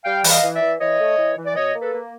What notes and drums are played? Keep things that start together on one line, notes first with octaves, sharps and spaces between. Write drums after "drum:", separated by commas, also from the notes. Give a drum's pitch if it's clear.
G3 F5 G5
E3, drum: open hi-hat
D#5 F5
E3
D5 E5
E3
E3 C#5 D#5
A3
E3
E3
D5
B2 C#5 D#5
A#3
A4 B4
A#3